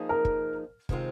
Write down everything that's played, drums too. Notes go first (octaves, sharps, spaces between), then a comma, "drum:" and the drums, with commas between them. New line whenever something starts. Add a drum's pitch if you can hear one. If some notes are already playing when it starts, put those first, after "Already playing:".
Already playing: F3 A#3 D#4 G#4
A#4
drum: kick
C3 D#3 G#3 C4 F4, drum: kick